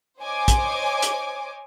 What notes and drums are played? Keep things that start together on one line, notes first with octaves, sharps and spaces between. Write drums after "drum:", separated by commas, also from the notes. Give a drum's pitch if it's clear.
C5 C#5 D#5 G#5 D6
drum: kick, hi-hat
drum: hi-hat